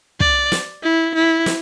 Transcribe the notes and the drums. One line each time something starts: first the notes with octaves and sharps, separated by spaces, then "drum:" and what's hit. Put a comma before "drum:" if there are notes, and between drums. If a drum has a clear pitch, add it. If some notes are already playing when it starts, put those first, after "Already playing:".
D5, drum: kick
drum: snare
E4
E4
drum: snare